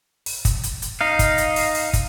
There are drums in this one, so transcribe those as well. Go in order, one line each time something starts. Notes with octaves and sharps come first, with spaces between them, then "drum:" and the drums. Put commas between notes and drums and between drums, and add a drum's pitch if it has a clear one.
drum: open hi-hat
drum: kick, hi-hat
drum: hi-hat
drum: hi-hat
D#4 F5
drum: kick, hi-hat
drum: hi-hat
drum: open hi-hat
drum: open hi-hat
drum: kick, hi-hat